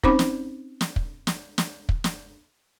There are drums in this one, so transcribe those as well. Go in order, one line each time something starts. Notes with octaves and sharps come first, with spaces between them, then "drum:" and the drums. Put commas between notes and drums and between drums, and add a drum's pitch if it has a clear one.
C4 C#4 D#4 C5 B5 D6, drum: kick
drum: snare
drum: snare
drum: kick
drum: snare
drum: snare
drum: kick
drum: snare